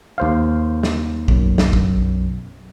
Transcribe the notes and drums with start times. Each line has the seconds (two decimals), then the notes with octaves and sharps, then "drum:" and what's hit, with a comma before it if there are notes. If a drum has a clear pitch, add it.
0.18 D#2 C5 F5
0.83 drum: snare
1.28 B1 F#2, drum: kick
1.58 drum: snare
1.73 drum: kick